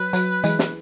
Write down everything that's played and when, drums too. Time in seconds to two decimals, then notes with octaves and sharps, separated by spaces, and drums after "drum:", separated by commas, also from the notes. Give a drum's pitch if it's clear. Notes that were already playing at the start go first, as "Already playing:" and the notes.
Already playing: F#3 B4
0.13 F#3, drum: hi-hat
0.44 E3 G#3, drum: hi-hat
0.59 drum: snare